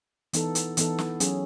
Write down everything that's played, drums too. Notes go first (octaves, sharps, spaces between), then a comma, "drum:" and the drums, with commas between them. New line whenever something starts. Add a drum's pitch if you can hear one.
E3 B3 D#4 A4, drum: hi-hat
drum: hi-hat
E3 B3 D#4 A4, drum: hi-hat
drum: snare
F#3 C#4 G#4, drum: hi-hat